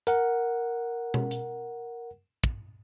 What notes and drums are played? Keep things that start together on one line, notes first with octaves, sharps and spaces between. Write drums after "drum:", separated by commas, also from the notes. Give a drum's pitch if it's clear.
A#4 F#5, drum: hi-hat
drum: tom
drum: hi-hat
drum: kick